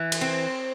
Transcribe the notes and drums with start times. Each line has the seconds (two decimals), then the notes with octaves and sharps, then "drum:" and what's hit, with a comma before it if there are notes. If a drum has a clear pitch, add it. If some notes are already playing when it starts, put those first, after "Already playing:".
Already playing: E3
0.12 drum: cymbal
0.21 C4